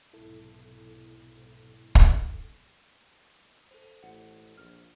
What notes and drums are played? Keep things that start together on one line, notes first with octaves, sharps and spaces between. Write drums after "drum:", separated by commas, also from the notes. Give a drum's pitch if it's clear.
B1 G#2 C3 E4 A4
drum: kick
A4 C5
A1 F#5
A#1 F6